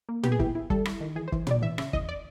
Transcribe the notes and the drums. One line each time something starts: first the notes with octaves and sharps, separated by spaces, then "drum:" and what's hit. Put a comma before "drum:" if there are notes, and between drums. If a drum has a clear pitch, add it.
A#3
B3 G4, drum: tom
G#4
E4 G4, drum: kick
E4
G3 A4, drum: kick
E4, drum: rim click
D#3
E3 G#4
C5
E3, drum: kick
C#3 D5, drum: tom
E3 E5
C#3 E5, drum: rim click
E2 D#5, drum: kick
D5